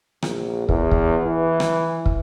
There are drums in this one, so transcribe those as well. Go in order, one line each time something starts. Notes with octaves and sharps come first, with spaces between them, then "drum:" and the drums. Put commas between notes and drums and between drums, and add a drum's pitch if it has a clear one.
A#1, drum: rim click
E2, drum: kick
drum: kick
E3
drum: rim click
drum: kick